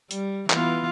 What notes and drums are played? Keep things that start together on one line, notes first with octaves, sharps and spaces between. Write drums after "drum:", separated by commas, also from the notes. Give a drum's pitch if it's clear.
G3, drum: hi-hat
E3 B3 F4, drum: clap